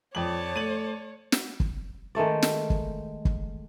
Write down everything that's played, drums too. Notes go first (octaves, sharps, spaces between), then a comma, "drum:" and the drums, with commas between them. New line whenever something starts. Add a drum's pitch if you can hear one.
F2 C#5 D5 A5 F#7
A3 D#7 F#7
drum: snare
drum: kick
D#3 G#3 A3 D5
drum: snare
drum: kick
drum: kick